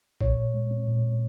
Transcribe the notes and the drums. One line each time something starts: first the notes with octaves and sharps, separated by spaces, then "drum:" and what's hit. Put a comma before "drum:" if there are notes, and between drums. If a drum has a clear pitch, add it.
A#2 C#5, drum: kick
A#2
G#3
C4
A#2
A#2